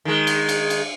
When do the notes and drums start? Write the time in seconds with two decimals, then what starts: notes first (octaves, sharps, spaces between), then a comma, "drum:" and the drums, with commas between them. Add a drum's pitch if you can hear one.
0.05 D#3 G#3
0.27 drum: cymbal
0.49 drum: cymbal
0.70 drum: cymbal